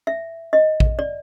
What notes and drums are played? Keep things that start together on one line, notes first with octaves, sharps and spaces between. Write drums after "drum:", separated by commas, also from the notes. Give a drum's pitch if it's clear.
E5
D#5
drum: kick
D5